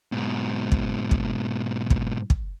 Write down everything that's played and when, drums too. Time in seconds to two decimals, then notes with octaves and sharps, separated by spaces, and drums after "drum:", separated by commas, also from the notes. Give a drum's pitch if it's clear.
0.12 G#2 B2
0.72 drum: kick
1.11 drum: kick
1.90 drum: kick
2.30 drum: kick